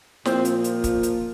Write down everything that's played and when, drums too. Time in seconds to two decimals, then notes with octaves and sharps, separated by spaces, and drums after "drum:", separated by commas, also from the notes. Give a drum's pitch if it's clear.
0.25 A#2 F3 C4, drum: snare
0.45 drum: hi-hat
0.64 drum: hi-hat
0.84 drum: kick, hi-hat
1.03 drum: hi-hat